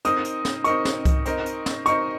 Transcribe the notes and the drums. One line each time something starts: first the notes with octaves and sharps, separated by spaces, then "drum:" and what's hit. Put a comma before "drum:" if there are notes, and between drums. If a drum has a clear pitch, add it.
C4 D#4 A#4 D#5 D#6, drum: hi-hat
drum: hi-hat
drum: snare
C4 D#4 A#4 D#5 C#6, drum: hi-hat
drum: snare
drum: kick C2, hi-hat
C4 D#4 A#4 D#5, drum: hi-hat
drum: hi-hat
drum: snare
C4 D#4 A#4 D#5 C#6, drum: hi-hat